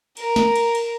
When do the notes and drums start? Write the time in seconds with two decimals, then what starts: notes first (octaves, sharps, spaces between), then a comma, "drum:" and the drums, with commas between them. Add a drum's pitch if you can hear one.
0.17 A#4 A#5, drum: cymbal
0.36 drum: snare
0.55 drum: cymbal
0.75 drum: cymbal